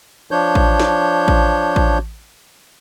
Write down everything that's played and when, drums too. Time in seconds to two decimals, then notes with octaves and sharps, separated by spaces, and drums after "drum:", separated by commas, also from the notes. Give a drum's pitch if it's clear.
0.31 F3 D4 C#5 G6
0.55 drum: kick A1
0.80 drum: snare
1.28 drum: kick A1
1.76 drum: kick A1